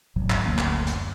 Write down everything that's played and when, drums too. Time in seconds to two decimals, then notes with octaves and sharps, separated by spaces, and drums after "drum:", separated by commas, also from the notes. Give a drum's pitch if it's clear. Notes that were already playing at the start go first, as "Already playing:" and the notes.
0.16 D1 G#1 B2 F#3
0.30 drum: clap
0.45 F#1 D2 A#3 C#4
0.58 drum: clap
0.87 drum: hi-hat